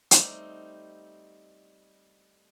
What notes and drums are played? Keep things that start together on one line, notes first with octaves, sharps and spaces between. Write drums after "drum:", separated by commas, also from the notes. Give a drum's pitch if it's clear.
G3 A3 C4 D#4, drum: hi-hat